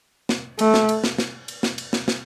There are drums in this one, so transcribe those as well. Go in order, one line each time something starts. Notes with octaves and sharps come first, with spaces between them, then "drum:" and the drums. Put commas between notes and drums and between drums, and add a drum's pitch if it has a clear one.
drum: snare
A3, drum: cymbal
drum: snare
drum: cymbal
drum: snare
drum: snare
drum: cymbal
drum: snare
drum: cymbal
drum: snare
drum: snare